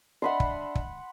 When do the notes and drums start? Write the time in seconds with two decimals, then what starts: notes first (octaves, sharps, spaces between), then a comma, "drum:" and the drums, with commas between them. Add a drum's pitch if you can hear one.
0.22 D4 D#5 E5 F#5 B5 C6
0.40 drum: kick
0.75 drum: kick